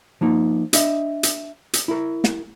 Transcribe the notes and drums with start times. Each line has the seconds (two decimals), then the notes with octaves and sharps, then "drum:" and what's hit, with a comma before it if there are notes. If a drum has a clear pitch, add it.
0.21 F3 A#3 D#4
0.73 D4 D#5 E5, drum: hi-hat
1.23 drum: hi-hat
1.73 drum: hi-hat
1.88 E4 A#4
2.24 drum: snare